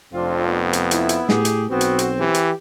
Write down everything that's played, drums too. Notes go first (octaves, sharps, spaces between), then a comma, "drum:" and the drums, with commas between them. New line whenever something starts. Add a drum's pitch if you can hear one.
F1 F2 C4 D4 F4
B3
drum: hi-hat
E4, drum: hi-hat
drum: hi-hat
A2 G4 G#4, drum: snare
drum: hi-hat
B1 B3 C4 F#4
drum: hi-hat
drum: hi-hat
E3 G4
drum: hi-hat